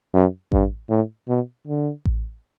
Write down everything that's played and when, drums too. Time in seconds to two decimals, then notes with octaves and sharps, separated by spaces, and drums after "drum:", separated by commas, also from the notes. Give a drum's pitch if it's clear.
0.14 F#2
0.52 G2, drum: kick A1
0.89 A2
1.28 B2
1.68 D3
2.05 drum: kick A1